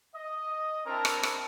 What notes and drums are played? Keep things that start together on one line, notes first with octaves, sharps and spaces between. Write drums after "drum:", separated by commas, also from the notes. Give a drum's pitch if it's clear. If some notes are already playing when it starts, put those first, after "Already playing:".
D#5
C4 D4 E4 A#4 A5 A#5
drum: rim click
drum: rim click